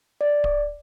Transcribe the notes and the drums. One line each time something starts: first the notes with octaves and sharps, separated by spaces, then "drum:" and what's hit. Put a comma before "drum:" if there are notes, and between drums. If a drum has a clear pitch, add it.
D5
drum: kick D1